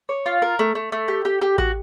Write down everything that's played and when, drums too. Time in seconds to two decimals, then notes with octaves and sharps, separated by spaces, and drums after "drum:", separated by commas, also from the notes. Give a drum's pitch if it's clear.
0.09 C#5
0.26 F4
0.42 A#4
0.59 A3
0.75 A3
0.92 A3
1.08 G4
1.25 G4
1.41 G4
1.58 F#4, drum: kick A1